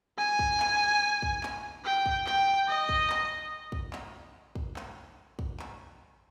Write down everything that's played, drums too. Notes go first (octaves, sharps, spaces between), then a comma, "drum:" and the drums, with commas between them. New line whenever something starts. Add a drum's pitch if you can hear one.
G#5
drum: kick
drum: clap
drum: kick
drum: clap
G5
drum: kick
G5, drum: clap
D#5
drum: kick
drum: clap
drum: kick
drum: clap
drum: kick
drum: clap
drum: kick
drum: clap